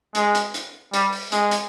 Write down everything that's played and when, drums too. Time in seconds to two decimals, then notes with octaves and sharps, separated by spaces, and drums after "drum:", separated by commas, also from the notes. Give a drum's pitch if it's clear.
0.15 G#3, drum: hi-hat
0.35 drum: hi-hat
0.54 drum: hi-hat
0.94 G3, drum: hi-hat
1.13 drum: open hi-hat
1.32 G#3, drum: hi-hat
1.51 drum: hi-hat